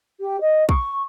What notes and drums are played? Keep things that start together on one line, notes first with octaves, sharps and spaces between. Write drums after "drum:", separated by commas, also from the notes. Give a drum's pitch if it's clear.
G4
D#5
C#6, drum: kick